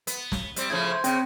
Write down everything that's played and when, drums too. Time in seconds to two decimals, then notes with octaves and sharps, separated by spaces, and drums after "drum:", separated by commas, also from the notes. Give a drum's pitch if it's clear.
0.07 B3, drum: hi-hat
0.32 drum: snare
0.56 G3 C4, drum: hi-hat
0.70 A2 C#3 F3 G#6
0.87 C5
1.04 C#3 C4, drum: hi-hat